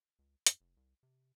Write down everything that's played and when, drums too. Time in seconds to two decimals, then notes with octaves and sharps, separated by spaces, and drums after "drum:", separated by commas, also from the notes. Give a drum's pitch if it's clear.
0.19 C#2
0.47 F#2, drum: hi-hat
0.61 F1
0.77 C2
1.03 C3